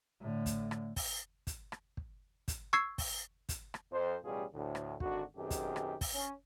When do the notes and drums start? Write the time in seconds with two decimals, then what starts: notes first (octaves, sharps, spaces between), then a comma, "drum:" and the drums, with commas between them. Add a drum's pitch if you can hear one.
0.20 A2 D3
0.46 drum: kick, hi-hat
0.71 drum: rim click
0.96 drum: kick, open hi-hat
1.47 drum: kick, hi-hat
1.72 drum: rim click
1.97 drum: kick
2.48 drum: kick, hi-hat
2.73 C#6 E6 G#6 C7, drum: rim click
2.98 drum: kick, open hi-hat
3.49 drum: kick, hi-hat
3.74 drum: rim click
3.92 F2 C5
4.24 A1 B2 G3 C#4 F4 G#4
4.53 D2 A2
4.75 drum: rim click
5.00 G#1 D3 D4 F#4, drum: kick
5.37 F#2 B2 D#3 C4 G4 G#4
5.51 drum: kick, hi-hat
5.76 drum: rim click
6.01 drum: kick, open hi-hat
6.14 C#4